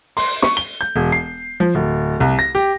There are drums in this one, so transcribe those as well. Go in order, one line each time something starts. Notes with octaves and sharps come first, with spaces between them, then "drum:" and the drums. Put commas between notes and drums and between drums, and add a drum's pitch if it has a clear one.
C6, drum: open hi-hat
C#6, drum: snare
G7
G6
E1
C7
F3
D1
C2
A#6
G4